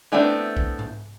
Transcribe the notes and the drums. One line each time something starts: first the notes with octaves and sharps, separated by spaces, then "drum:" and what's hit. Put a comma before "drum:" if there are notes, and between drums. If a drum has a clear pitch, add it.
E3 A3 B3 C4 D4
drum: kick B1
drum: tom G#2